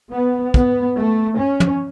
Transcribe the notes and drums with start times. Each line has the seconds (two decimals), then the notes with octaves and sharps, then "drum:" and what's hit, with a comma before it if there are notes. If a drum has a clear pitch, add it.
0.12 B3
0.54 B3, drum: kick
0.97 A3
1.39 C#4
1.60 drum: tom